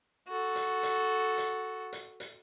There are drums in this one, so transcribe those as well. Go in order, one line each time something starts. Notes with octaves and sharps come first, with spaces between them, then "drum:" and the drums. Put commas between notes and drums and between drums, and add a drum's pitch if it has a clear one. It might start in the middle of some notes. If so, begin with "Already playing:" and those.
F#4 A4
drum: hi-hat
drum: hi-hat
drum: hi-hat
drum: hi-hat
drum: hi-hat